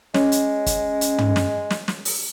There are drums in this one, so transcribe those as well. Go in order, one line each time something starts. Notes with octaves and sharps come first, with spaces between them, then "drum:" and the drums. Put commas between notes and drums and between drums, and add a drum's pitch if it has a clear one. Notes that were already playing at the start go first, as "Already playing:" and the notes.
G#3 C#4, drum: snare
drum: hi-hat
drum: kick, hi-hat
drum: hi-hat
drum: tom
drum: snare
drum: snare
drum: snare
drum: open hi-hat